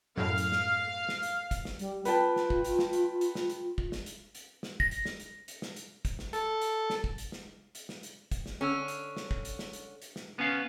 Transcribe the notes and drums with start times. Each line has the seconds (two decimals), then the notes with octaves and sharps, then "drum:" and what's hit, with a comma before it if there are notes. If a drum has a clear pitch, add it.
0.17 F#2 A2 F5
0.38 drum: hi-hat
0.52 drum: snare
1.09 drum: snare
1.23 drum: hi-hat
1.51 drum: kick, hi-hat
1.65 drum: snare
1.79 G3, drum: hi-hat
2.05 F4 B4 G5 A5, drum: hi-hat
2.36 drum: snare
2.50 drum: kick
2.65 drum: hi-hat
2.79 drum: snare
2.93 drum: hi-hat
3.21 drum: hi-hat
3.35 drum: snare
3.50 drum: hi-hat
3.78 drum: kick
3.92 drum: snare
4.06 drum: hi-hat
4.35 drum: hi-hat
4.63 drum: snare
4.80 A#6, drum: kick
4.91 drum: hi-hat
5.05 drum: snare
5.20 drum: hi-hat
5.48 drum: hi-hat
5.62 drum: snare
5.76 drum: hi-hat
6.05 drum: kick, hi-hat
6.19 drum: snare
6.33 A4, drum: hi-hat
6.61 drum: hi-hat
6.90 drum: snare
7.04 drum: kick
7.18 drum: hi-hat
7.32 drum: snare
7.75 drum: hi-hat
7.89 drum: snare
8.03 drum: hi-hat
8.32 drum: kick, hi-hat
8.46 drum: snare
8.61 D3 C#4
8.88 drum: hi-hat
9.17 drum: snare
9.31 drum: kick
9.45 drum: hi-hat
9.59 drum: snare
9.73 drum: hi-hat
10.02 drum: hi-hat
10.16 drum: snare
10.39 B3 C#4 F5